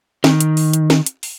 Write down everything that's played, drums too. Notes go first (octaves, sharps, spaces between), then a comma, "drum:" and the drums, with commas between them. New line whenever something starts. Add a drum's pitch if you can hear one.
D#3, drum: snare
drum: hi-hat
drum: open hi-hat
drum: hi-hat
drum: snare
drum: hi-hat
drum: open hi-hat